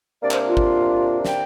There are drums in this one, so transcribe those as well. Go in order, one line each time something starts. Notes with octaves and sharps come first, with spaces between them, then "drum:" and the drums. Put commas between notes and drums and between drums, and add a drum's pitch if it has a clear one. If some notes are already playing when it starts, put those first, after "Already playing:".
C3 A#3 D4 D5
C5, drum: clap
F4
drum: kick G#1
G5, drum: snare